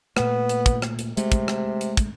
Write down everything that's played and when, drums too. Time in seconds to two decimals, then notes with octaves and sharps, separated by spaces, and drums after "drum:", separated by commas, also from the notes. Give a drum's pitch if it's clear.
0.17 A#2 A3 B3, drum: rim click
0.49 drum: hi-hat
0.66 drum: kick, hi-hat
0.82 drum: rim click
0.99 drum: hi-hat
1.17 C3 G#3 A3, drum: hi-hat
1.32 drum: kick, hi-hat
1.48 drum: rim click
1.81 drum: hi-hat
1.97 drum: kick, hi-hat